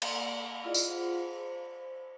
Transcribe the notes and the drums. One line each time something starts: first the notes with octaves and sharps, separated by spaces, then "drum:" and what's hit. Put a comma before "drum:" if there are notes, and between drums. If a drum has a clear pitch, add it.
A#3 D5, drum: cymbal
E4 F4 G#4 D5 D#5
drum: tambourine
F4 G#4 C5 F#5
G#4 C5
C5